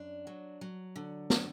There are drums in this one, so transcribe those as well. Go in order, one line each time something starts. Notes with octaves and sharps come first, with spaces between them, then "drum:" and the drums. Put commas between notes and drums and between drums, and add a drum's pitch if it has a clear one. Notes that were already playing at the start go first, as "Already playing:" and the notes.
Already playing: F#2 D4
F#3
F#3
D3
F#3, drum: snare